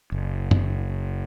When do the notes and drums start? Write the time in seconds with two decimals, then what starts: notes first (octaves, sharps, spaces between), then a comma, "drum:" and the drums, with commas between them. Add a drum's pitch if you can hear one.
0.12 F#1
0.51 drum: tom